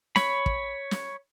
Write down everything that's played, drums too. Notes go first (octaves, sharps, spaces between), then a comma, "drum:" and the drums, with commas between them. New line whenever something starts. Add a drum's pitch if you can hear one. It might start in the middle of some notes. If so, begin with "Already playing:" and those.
C#5 B5, drum: snare
drum: kick
drum: snare